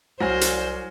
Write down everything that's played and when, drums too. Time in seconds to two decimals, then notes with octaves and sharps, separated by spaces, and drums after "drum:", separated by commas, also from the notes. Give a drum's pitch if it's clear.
0.20 C2 F#3 C5 G#5 F6 A#6
0.41 drum: hi-hat